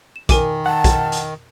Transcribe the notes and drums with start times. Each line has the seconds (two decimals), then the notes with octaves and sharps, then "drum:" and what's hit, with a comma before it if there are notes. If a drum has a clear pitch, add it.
0.16 E7
0.29 D#3 A#4 G#5 D6, drum: kick, hi-hat
0.66 F#5 A5
0.84 drum: kick, hi-hat
1.12 drum: hi-hat